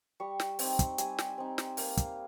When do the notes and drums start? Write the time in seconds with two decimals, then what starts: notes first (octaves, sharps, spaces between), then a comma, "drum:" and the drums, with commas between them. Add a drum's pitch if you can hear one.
0.20 G3 C#6
0.40 drum: snare
0.59 C4, drum: open hi-hat
0.64 D#4
0.79 drum: kick, hi-hat
0.98 G3 G#5, drum: hi-hat
1.18 drum: snare
1.38 C4 D#4
1.58 drum: snare
1.77 A#3 F5, drum: open hi-hat
1.97 drum: kick, hi-hat